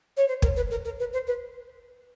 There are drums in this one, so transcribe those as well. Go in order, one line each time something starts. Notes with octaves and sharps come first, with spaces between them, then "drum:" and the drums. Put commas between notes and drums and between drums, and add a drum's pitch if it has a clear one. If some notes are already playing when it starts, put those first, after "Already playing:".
C#5
C5
A#4, drum: kick
B4
A#4
A#4
B4
C5
B4